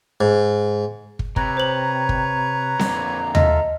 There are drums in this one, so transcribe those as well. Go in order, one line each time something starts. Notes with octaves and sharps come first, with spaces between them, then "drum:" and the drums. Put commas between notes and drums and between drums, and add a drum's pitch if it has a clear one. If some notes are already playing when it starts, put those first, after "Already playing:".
G#2
drum: kick
C3 B4 C#5 A#5, drum: kick
C5 F#7
drum: kick
F2 D3 A#3, drum: snare C4
F4 A4 D#5 E5, drum: tom D#2